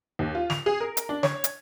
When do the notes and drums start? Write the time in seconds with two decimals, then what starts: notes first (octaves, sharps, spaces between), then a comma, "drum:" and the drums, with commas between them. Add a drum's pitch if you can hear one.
0.19 D#2
0.35 F4
0.50 F7, drum: snare
0.66 G#4
0.80 A#4
0.97 drum: hi-hat
1.09 D4
1.23 C#5, drum: snare
1.44 drum: hi-hat